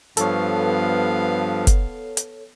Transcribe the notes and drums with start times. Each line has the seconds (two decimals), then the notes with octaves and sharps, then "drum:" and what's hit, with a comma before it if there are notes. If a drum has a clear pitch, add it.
0.17 G2 F3 B3 A4 C#5 F5, drum: hi-hat
1.67 drum: kick F#1, hi-hat
2.17 drum: hi-hat